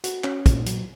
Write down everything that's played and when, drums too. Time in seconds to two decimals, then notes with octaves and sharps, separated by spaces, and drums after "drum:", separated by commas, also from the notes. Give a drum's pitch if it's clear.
0.04 F#4, drum: hi-hat
0.24 C#4, drum: clap
0.46 A#2, drum: kick, hi-hat
0.66 F#3, drum: hi-hat